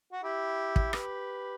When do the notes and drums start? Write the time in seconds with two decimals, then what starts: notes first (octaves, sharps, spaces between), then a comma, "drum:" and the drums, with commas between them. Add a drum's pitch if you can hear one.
0.12 F#4
0.23 E4 G4
0.76 drum: kick
0.93 G4 B4, drum: rim click